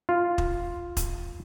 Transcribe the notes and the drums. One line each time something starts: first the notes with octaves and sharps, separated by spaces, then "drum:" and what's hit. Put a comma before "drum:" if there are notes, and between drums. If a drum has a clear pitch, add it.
F4
drum: kick
drum: kick, hi-hat